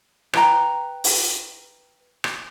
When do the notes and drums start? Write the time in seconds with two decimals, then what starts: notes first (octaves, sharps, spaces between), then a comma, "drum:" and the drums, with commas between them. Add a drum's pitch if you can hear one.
0.33 B4 G5 A#5, drum: rim click
1.04 drum: open hi-hat
2.24 drum: rim click